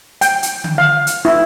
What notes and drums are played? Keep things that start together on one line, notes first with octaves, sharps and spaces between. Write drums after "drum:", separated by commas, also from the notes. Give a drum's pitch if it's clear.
G5, drum: hi-hat
drum: hi-hat
drum: tom D3
F5
drum: hi-hat
E4